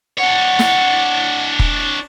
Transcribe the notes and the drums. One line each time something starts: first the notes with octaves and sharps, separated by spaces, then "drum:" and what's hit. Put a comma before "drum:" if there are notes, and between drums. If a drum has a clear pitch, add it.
D4 C#5 F#5
drum: snare
drum: kick